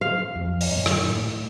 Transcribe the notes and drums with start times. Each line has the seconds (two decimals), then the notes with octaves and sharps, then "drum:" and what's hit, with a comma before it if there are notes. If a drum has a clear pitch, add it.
0.01 F5
0.36 F2
0.61 drum: open hi-hat
0.72 F#2 A#2
0.86 drum: rim click
1.08 A2